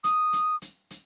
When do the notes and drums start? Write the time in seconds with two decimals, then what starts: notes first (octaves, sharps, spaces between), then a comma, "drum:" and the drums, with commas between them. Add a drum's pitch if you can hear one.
0.04 D#6, drum: hi-hat
0.33 drum: hi-hat
0.62 drum: hi-hat
0.91 drum: hi-hat